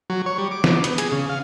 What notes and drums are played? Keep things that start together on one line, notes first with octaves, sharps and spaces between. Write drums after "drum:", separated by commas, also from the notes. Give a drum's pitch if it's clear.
F#3
C#5
G3
D6
drum: snare
B3, drum: hi-hat
G#4, drum: hi-hat
C#3
F5